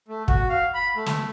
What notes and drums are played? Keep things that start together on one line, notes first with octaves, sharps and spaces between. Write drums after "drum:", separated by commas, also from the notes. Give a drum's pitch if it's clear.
A3
F#4, drum: kick
F5
B5
A3
drum: snare